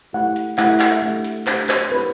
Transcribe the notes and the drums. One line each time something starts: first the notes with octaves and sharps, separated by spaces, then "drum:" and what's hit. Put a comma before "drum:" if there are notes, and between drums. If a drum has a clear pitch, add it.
A3 E4 G4 F#5
drum: hi-hat
A3 E4 G4 F#5, drum: clap
E5
F#5, drum: clap
E5
A3 D4 G4
drum: hi-hat
A3 D4 G4 C5, drum: clap
C5, drum: clap
C4 G4 B4